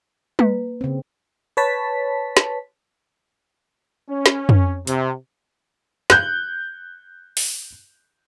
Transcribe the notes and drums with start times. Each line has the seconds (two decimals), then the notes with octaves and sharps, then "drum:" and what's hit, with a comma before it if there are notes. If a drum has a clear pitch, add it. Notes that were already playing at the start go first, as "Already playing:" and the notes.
0.39 A#3 B4, drum: tom
0.81 C#3 C4
1.57 B4 C#5 A5 B6
2.37 drum: snare
4.09 C#4
4.26 drum: snare
4.49 drum: tom
4.87 C3, drum: hi-hat
6.10 F#6 G6, drum: snare
7.37 drum: open hi-hat